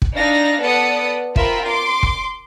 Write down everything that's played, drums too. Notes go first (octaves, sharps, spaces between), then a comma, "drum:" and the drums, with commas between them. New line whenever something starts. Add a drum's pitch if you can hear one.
drum: kick
D4 D#4 F5 A#6
B3 A4 D5 D#6 C#7
C4 F4 A#4 E5 B5, drum: kick
C6 D6
drum: kick